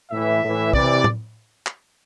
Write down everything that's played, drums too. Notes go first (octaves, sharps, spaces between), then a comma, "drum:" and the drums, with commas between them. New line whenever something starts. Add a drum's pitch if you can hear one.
A2 E3 E5
A2 E3
C3 E3 D5, drum: kick
drum: tom
drum: clap